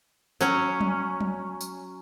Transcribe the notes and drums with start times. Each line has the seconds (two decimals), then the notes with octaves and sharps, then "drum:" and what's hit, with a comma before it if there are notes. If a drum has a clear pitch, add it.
0.41 F#3 C#4, drum: tambourine
0.81 drum: tom F#3
1.21 drum: tom F#3
1.61 drum: tambourine